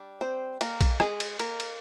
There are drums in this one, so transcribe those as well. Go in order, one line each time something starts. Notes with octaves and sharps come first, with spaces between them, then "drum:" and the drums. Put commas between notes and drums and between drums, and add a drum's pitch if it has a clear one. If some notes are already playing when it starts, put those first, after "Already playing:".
Already playing: G3 D4
C4 C5
A#3 A#4, drum: cymbal
drum: kick A#1, cymbal
G#3 G#4, drum: rim click
drum: cymbal
A#3 A#4, drum: cymbal
drum: cymbal